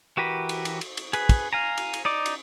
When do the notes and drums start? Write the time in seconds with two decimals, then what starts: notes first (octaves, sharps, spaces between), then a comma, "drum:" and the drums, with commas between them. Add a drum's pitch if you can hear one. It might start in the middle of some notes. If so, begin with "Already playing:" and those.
0.17 E3 F#4 G4 A#4 B4
0.49 drum: cymbal
0.65 drum: cymbal
0.81 drum: cymbal
0.97 drum: cymbal
1.13 G#4 B4, drum: cymbal
1.29 drum: kick, cymbal
1.53 F5 G#5 A#5
1.77 drum: cymbal
1.94 drum: cymbal
2.05 D#4 D5 D6
2.26 drum: cymbal